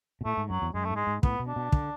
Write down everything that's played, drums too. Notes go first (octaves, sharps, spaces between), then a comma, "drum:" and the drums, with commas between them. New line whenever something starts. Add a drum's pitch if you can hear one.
B2
A2 A3
G#2
F#2 F#3
E2
F#2 G#3
A3
G#2
G#3
G#2
A2 B3, drum: kick
B2
D4
B2
D3, drum: kick